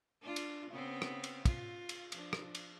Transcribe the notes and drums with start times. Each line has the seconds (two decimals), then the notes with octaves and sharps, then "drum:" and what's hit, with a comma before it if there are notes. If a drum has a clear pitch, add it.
0.22 D4 F4
0.36 drum: cymbal
0.71 C#3 B3 C4
1.02 drum: rim click
1.24 drum: cymbal
1.45 F4, drum: kick, cymbal
1.89 drum: cymbal
2.12 F3 D4, drum: cymbal
2.33 drum: rim click
2.55 drum: cymbal